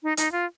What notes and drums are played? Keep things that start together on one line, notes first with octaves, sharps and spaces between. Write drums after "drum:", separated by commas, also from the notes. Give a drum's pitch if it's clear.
D#4
D#4, drum: hi-hat
F4